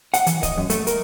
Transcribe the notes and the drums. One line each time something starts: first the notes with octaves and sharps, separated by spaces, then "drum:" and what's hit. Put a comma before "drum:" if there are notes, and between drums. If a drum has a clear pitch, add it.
F#5, drum: hi-hat
E3, drum: hi-hat
D#5, drum: kick C#1, hi-hat
F#2
A3, drum: hi-hat
A#4, drum: hi-hat